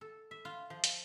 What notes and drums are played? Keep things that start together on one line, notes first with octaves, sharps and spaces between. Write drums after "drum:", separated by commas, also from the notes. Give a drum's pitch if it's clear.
A4
E5
F4
F3
drum: hi-hat